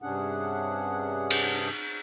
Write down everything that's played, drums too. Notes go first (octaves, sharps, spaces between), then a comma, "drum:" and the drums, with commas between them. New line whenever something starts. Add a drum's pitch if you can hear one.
G2 C3 C#4 D4 G#4 F#5
drum: cymbal